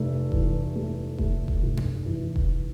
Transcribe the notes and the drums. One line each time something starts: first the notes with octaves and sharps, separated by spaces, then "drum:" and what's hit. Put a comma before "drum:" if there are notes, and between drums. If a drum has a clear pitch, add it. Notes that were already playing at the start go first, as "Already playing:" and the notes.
Already playing: F1 A3
E3, drum: kick E1
A3
A3, drum: kick E1
drum: kick E1
F1
drum: tom F#2
E3
drum: kick E1